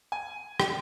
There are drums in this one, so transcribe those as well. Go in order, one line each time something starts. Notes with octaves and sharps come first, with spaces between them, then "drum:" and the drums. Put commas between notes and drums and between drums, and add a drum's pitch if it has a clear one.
G#5
G5, drum: rim click